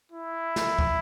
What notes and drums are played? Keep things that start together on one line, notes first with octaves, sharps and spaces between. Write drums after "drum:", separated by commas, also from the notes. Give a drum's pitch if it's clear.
E4
drum: snare
drum: kick